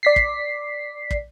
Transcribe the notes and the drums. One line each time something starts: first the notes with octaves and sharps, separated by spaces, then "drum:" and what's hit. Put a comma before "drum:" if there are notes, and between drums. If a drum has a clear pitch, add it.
D5 B6 C7
drum: kick
drum: kick